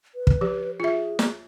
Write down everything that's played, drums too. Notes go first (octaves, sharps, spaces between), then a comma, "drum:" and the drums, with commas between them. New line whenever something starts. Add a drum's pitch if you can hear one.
B4
drum: kick
F3 G4
F4 G#4 E5
drum: snare